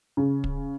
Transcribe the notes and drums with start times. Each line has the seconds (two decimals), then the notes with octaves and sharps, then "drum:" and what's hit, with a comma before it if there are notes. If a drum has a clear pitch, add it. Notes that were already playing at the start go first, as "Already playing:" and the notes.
0.17 C#3
0.44 drum: kick